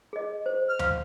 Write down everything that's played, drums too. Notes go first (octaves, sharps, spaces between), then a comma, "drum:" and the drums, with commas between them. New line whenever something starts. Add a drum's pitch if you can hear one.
G#4 D#5
C5
F6
F5 C6, drum: tom D#2